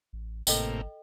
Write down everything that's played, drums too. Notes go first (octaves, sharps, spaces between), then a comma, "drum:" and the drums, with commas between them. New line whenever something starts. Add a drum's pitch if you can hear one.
A1
G#1 A2 C3 A#3 A4 D#5 G5, drum: tambourine